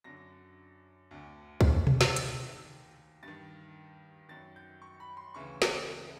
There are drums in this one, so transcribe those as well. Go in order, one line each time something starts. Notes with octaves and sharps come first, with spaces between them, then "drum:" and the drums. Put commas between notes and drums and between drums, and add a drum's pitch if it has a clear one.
F#2 D3 A#6
D2 D3
drum: kick
drum: tom B2
drum: snare
D#2 D#3 A6, drum: hi-hat
G2 D#3 A6
F#2 D#3 A6
G6
C#6
B5
C6
D2 C#3 E3 C#6
F#6, drum: snare